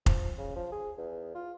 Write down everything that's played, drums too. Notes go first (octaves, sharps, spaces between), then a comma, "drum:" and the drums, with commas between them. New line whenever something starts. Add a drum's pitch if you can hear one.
F3, drum: kick F1
C#3
F3
G#4
E2
F4